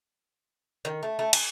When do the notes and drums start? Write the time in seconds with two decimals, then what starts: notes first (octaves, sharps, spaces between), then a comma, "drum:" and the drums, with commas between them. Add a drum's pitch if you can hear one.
0.85 D#3
1.03 A3
1.19 A3
1.33 G#5, drum: cymbal